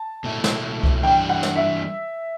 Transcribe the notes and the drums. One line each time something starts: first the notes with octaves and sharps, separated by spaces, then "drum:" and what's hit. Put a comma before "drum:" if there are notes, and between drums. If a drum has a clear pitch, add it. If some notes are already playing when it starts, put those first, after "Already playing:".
Already playing: A5
B2 A3 E4
drum: snare
drum: kick C2
E3 G3 D4 G5
F#5
drum: snare
E5